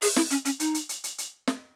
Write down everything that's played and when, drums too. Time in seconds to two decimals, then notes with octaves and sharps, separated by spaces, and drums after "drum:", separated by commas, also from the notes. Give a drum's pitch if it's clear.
0.02 G#4, drum: open hi-hat
0.16 E4, drum: snare
0.30 C#4, drum: hi-hat
0.45 C#4, drum: hi-hat
0.60 D#4, drum: hi-hat
0.74 drum: hi-hat
0.89 drum: hi-hat
1.04 drum: hi-hat
1.18 drum: hi-hat
1.48 drum: snare